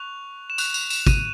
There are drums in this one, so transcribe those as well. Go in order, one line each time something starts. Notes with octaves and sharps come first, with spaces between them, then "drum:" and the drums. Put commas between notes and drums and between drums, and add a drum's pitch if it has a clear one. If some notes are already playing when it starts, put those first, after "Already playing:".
Already playing: C#6 F#6 F7
E7
C#6 F#6 F7, drum: tambourine
F7, drum: tambourine
E7, drum: tambourine
D#7, drum: kick, tambourine